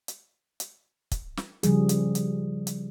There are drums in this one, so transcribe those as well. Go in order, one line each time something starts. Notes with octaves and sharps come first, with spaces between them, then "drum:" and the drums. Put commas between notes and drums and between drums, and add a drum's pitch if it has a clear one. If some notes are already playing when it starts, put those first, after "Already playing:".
drum: hi-hat
drum: hi-hat
drum: kick, hi-hat
drum: snare
C#3 F3 G3 G#4, drum: hi-hat
drum: hi-hat
drum: hi-hat
drum: hi-hat